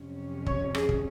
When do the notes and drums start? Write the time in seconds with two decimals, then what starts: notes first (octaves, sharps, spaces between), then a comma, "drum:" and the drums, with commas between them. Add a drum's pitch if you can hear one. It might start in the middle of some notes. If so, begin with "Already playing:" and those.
Already playing: F2 C3 F#3 C#4
0.46 C#5, drum: kick
0.75 G#4, drum: rim click
0.89 drum: kick